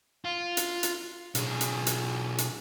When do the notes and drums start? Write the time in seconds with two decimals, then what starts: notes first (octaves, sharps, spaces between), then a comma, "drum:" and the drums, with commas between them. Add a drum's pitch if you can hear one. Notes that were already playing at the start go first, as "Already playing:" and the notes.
0.25 F4
0.57 drum: hi-hat
0.83 drum: hi-hat
1.35 B1 G#4, drum: hi-hat
1.61 drum: hi-hat
1.87 drum: hi-hat
2.38 drum: hi-hat